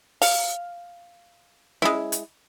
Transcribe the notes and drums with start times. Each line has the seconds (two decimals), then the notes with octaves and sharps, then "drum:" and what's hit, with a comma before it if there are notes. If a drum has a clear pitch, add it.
0.22 F5, drum: open hi-hat
1.82 G#3 E4, drum: snare C#4
2.12 drum: hi-hat